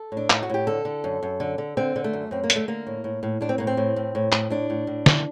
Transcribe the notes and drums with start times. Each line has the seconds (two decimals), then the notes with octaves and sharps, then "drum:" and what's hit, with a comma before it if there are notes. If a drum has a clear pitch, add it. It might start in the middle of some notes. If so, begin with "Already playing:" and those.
Already playing: A4
0.12 A2
0.17 D4
0.30 A2 D#4, drum: clap
0.43 F#4
0.50 A2 G4
0.67 D3 A4
0.85 D3
1.04 F#2
1.23 F#2
1.40 D3
1.58 D3
1.77 D3 C4
1.96 D3
2.04 A3
2.13 F#2
2.31 F#2 C4
2.43 A#3
2.50 D3, drum: hi-hat
2.56 A3
2.68 D3 A#3
2.87 A2
3.04 A2
3.23 A2
3.41 A2 D4
3.49 C4
3.58 A2 A#3
3.67 C4
3.77 A2
3.96 A2
4.15 A2
4.32 A2, drum: clap
4.50 A2 D4
4.70 A2
4.87 A2
5.06 D3, drum: snare